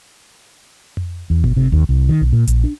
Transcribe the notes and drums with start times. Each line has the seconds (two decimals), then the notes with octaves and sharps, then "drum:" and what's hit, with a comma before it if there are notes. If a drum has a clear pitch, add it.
0.97 drum: tom F2
1.30 E2
1.44 B2, drum: kick G1
1.57 C3
1.72 D#2
1.89 C2
2.09 D#3
2.21 B1
2.32 A#2
2.47 A#1, drum: hi-hat
2.64 D4